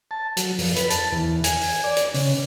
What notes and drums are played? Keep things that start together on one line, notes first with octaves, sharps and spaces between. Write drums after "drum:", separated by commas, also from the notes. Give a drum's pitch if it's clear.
A5
F#3, drum: hi-hat
F2, drum: open hi-hat
B4, drum: hi-hat
A5, drum: hi-hat
E2
G#5, drum: hi-hat
drum: open hi-hat
D5
drum: hi-hat
C#3, drum: open hi-hat